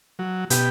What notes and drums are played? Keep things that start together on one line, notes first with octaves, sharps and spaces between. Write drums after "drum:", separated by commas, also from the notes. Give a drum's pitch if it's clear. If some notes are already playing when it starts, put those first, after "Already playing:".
F#3
B2 G4, drum: hi-hat